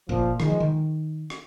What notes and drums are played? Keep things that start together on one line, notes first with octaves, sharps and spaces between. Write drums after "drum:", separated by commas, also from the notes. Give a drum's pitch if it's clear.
A#2 F3, drum: kick
D#3 G#3, drum: rim click
F3
D#3
drum: rim click